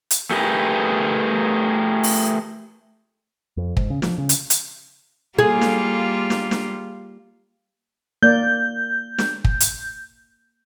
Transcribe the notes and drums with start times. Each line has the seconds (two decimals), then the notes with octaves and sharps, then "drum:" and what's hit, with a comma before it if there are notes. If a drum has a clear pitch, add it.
0.11 drum: hi-hat
0.31 A3 G4 G#4 A#4 B4
2.04 drum: open hi-hat
3.57 F2
3.77 G#2, drum: kick
3.90 C#3
4.02 F3, drum: snare
4.18 C#3
4.29 drum: hi-hat
4.50 drum: hi-hat
5.39 G3 A#3 F4 G#4
5.61 drum: snare
6.30 drum: snare
6.51 drum: snare
8.23 A#3 D5 G6
9.18 drum: snare
9.44 drum: kick
9.60 drum: hi-hat